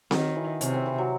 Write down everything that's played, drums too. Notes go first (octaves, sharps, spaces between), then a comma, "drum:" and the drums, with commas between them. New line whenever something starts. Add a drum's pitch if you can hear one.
D#3 F#3, drum: snare C4
E3
C3 C#4, drum: hi-hat
C4
E3
F#3